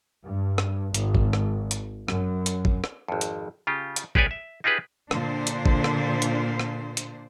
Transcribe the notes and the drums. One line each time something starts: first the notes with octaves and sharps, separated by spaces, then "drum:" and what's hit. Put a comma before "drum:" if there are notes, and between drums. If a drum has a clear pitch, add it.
G2
drum: rim click
G#1, drum: hi-hat
drum: kick G#1
drum: rim click
drum: hi-hat
F#2, drum: rim click
drum: hi-hat
drum: kick G#1
drum: rim click
G#1 F2
drum: hi-hat
C#3 F4 G4
drum: hi-hat
G4 G#4 B4 C#5 D5 G#5, drum: kick G#1
E5
D#4 F4 G4 G#4 B4
A#2 D3 D4 C5, drum: rim click
drum: hi-hat
drum: kick G#1
drum: rim click
drum: hi-hat
drum: rim click
drum: hi-hat